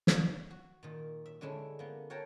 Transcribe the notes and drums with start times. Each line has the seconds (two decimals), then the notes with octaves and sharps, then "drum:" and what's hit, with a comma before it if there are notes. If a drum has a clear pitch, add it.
0.07 drum: snare
0.51 F#4
0.83 A#2 D#3
1.26 E5
1.41 D3 G#3 C#4 D4 E4
1.79 A#3 B3
2.10 A#4 C#5 F#5 G5 A5 A#5